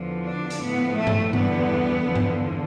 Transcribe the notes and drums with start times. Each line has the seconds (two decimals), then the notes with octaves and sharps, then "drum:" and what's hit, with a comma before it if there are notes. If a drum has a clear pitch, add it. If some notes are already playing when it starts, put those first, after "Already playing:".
Already playing: E2 D3 F3
0.25 D4
0.50 drum: hi-hat
0.62 A2 F3 B3
0.97 A3
1.07 drum: tom G2
1.33 E2 D3 G3 B3, drum: tom G2
2.06 E2 D3 F3
2.16 drum: tom G2